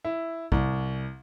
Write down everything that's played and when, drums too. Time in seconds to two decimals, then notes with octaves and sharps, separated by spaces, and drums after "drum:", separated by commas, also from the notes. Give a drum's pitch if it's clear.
0.05 E4
0.52 C2, drum: kick